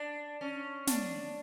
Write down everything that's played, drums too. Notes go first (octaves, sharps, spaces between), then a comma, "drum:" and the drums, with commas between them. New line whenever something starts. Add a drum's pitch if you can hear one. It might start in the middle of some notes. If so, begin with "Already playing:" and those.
Already playing: D4
C#4
D4, drum: snare